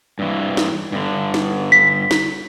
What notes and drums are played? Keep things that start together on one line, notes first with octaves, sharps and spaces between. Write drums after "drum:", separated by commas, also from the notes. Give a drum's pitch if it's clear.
G2 E3
drum: snare
G2 D3
drum: snare
B6
drum: snare